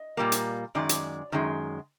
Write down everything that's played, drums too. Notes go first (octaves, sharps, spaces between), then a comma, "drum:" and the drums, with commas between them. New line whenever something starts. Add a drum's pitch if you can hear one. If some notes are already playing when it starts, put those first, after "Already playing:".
Already playing: D#5
A#2 G3 A#3
drum: hi-hat
F#2 D#3 G#3 D5
drum: hi-hat
F#2 D#3 G#3